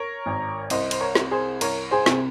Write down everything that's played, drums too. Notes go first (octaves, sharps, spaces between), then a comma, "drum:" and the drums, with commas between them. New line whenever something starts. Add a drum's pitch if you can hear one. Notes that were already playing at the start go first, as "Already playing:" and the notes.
Already playing: A#4 C#5
G#1
C2 C5 D#5, drum: cymbal
C5, drum: cymbal
A#4 C#5
C3, drum: snare
G#4 C5
C2 A#4 C#5, drum: cymbal
G#4 C5
C3, drum: snare